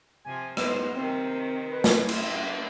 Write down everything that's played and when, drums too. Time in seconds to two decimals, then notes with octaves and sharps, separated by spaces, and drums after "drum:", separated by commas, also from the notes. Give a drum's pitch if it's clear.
0.25 C3 F3 G#5
0.57 G#3 B3 D#4 C6, drum: rim click
0.94 C3 D#3 C4
1.71 B4
1.84 drum: snare
2.09 E4 D#5 E5 C6, drum: cymbal